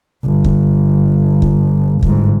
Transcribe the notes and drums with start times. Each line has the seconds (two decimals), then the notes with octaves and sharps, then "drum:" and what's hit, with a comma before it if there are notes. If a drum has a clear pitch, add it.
0.25 G1
0.44 drum: kick
1.42 drum: kick
2.03 G1 G#2, drum: kick